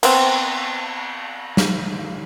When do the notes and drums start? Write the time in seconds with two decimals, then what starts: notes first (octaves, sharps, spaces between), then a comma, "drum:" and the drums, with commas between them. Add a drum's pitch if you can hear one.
0.03 B3 C4, drum: cymbal
1.57 drum: snare